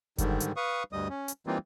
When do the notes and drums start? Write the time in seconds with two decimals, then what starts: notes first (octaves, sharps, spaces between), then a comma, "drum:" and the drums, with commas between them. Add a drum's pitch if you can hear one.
0.18 G#2 D3 D#3 G3, drum: kick F#1, hi-hat
0.40 drum: hi-hat
0.56 B4 F5 C#6 D#6
0.93 D2 G2 G3 D#5 D#6
1.10 C#4
1.28 drum: hi-hat
1.47 E3 G3 A#3 C4 D#4 F4